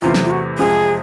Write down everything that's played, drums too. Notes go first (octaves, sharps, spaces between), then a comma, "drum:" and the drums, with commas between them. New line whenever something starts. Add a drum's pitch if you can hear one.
E2 C3 E3 A3 F4
drum: snare
F4
F#4
F2 C3 F3 G#3 G#4